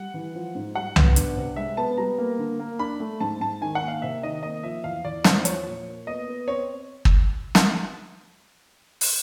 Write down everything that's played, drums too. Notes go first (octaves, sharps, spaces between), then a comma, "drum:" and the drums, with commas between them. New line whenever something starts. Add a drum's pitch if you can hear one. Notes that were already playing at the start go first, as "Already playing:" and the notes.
Already playing: G3 F#5
E3
F3
G#2
G3 F#5
B3, drum: tom C2
D4, drum: hi-hat
C3
G#3 E5
B3 A5
G3 A#5
A#3
D3
A#3
D4 B5
A3
G#2 A5
G#2 A5
D#3 G#5
F#5
A#3
F5
C3 E5
D#3 D#5
A#3 D#5
F3 E5
E2 F5
E2 D5
E2 C5, drum: snare
F3 C#5, drum: hi-hat
A#2
A#3
B3 D#5
B3
C4 C#5
drum: kick
drum: snare
drum: open hi-hat